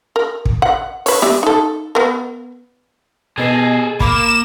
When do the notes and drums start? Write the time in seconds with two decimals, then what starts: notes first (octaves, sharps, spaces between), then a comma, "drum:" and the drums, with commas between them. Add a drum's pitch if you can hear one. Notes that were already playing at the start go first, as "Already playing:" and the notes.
0.16 A#4
0.45 drum: kick
0.62 F#5
1.06 B4 C#5, drum: open hi-hat
1.22 G4 D5 E5, drum: snare
1.43 D#4 A4
1.95 B3 A#4
3.38 B2 B3 G#4 A4 D#5 C7
4.00 A#3 B5 D6 E7, drum: kick